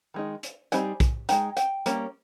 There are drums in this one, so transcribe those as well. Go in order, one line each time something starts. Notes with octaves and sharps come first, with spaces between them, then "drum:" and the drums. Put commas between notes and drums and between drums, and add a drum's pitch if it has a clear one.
D#3 G#3 D#4
drum: hi-hat
G3 C4 D#4 G#5, drum: hi-hat
drum: kick, hi-hat
G#3 D#4 G5, drum: hi-hat
G5, drum: hi-hat
G3 A#3 C#4, drum: hi-hat